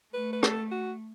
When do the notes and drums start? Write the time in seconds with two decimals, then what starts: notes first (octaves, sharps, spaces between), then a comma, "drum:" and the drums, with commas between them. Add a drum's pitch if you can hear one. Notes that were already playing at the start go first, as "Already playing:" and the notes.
0.13 A3 B4
0.33 B4
0.43 A4, drum: rim click
0.72 F#4